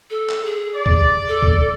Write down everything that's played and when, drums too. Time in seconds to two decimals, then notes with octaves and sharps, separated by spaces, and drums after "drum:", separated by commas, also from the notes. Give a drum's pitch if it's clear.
0.10 A4
0.29 drum: clap
0.45 G#4
0.75 D5
0.86 drum: kick
1.28 A4
1.43 drum: kick